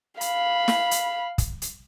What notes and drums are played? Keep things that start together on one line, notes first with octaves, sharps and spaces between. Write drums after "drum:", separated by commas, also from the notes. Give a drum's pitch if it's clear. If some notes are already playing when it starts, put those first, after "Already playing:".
F5 B5, drum: hi-hat
drum: snare
drum: hi-hat
drum: kick, hi-hat
drum: hi-hat